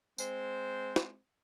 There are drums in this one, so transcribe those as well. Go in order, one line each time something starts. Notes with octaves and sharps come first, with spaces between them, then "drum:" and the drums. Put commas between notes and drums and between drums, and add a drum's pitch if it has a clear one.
G#3 C4 C5, drum: tambourine
drum: snare